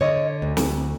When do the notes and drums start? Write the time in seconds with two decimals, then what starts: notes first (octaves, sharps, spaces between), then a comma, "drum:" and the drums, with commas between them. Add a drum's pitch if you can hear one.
0.01 D3 C#5 D#5
0.42 D2
0.57 drum: snare